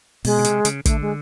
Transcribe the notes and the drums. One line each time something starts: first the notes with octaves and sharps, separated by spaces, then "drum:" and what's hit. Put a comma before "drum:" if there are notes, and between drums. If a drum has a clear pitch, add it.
B2 G#3, drum: open hi-hat
C#3
C3, drum: hi-hat
C#3, drum: hi-hat
D3 A3, drum: kick, hi-hat
G#3